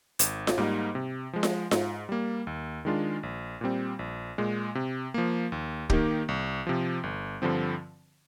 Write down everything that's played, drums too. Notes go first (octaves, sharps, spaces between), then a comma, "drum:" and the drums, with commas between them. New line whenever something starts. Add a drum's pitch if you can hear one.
G#1, drum: hi-hat
drum: snare F4
G#2 G3 A#3 D#4
C3
F3 G#3
drum: snare F4
G#2, drum: snare F4
G3 A#3
D#2
D#3 G#3 D4 F4
A#1
A#2 G3 C4
A#1
A#2 G#3
C3
F3 A#3
D#2
D#3 A#3 D#4 G4, drum: kick
C2
C3 F3
G1
G2 D3 F3 C4